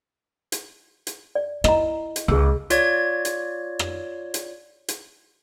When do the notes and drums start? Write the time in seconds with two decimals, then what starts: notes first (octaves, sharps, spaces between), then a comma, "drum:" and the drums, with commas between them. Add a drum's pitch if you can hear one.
0.52 drum: hi-hat
1.07 drum: hi-hat
1.35 D5
1.64 E4 D#5 A#5, drum: rim click
2.16 drum: hi-hat
2.28 C#2 G#4 E6
2.70 F4 C#5 D5 G#6, drum: hi-hat
3.25 drum: hi-hat
3.79 drum: rim click
4.34 drum: hi-hat
4.88 drum: hi-hat